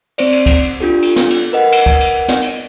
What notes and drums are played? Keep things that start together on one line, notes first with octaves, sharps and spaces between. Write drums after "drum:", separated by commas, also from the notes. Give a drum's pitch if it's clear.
C4 C5 D5, drum: cymbal
drum: cymbal
drum: kick, cymbal
D4 F4 G4 A4
drum: cymbal
drum: snare
drum: cymbal
A#4 B4 D#5 F#5
drum: cymbal
drum: kick, cymbal
drum: cymbal
drum: snare
drum: cymbal